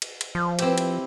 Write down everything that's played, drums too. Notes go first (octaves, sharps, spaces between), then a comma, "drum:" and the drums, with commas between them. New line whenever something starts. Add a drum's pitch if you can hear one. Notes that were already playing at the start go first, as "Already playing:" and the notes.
drum: cymbal
drum: cymbal
F3
C4 E4 G4, drum: cymbal
drum: cymbal